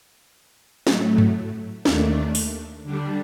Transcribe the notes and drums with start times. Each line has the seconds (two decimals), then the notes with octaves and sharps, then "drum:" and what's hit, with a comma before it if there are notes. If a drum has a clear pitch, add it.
0.87 A2 F#3 A3, drum: snare
1.18 drum: tom G2
1.85 D#2 D#3 A3 D4, drum: snare
2.35 drum: open hi-hat
2.84 D3 G3 D4